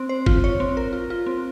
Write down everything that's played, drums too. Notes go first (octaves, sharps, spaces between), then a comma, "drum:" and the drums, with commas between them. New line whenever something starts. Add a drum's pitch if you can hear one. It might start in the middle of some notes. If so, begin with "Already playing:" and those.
Already playing: C4
C5
F4, drum: kick
C#5
C4
A#4
F4
F4
C4